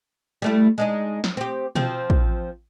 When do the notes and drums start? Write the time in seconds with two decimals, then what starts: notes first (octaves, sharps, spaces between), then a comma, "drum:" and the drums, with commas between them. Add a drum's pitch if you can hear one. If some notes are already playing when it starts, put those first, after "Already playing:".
0.42 G3 A3 E4
0.78 G#3 D4 D#4
1.24 drum: snare
1.37 C4 G4
1.75 F3 C4, drum: tom B2
2.10 drum: kick